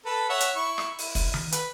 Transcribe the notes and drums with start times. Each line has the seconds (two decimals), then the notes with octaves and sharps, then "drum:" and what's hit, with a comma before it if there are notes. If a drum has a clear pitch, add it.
0.06 A4 B4
0.30 C#5 E5 F#5
0.40 drum: hi-hat
0.56 E4 C#6
0.78 drum: rim click
0.99 E4, drum: open hi-hat
1.15 drum: kick, open hi-hat
1.34 drum: tom D#3
1.52 B4, drum: hi-hat